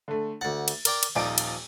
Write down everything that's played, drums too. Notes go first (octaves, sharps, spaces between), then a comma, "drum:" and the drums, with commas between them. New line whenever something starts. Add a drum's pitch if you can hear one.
D3 A3
D2 F#5 A6
drum: cymbal
A#4 D5 G5, drum: cymbal
drum: cymbal
D#1 F3 D#4 D5 D7
drum: cymbal